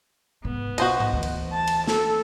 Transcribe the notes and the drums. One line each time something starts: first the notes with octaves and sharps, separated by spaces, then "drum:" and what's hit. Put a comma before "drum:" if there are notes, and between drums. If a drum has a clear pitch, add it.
G#2 C3 B3
B1 F#4 C5 D#5, drum: cymbal
drum: tom G#2
D2 E3
drum: cymbal
A5
drum: cymbal
A4, drum: snare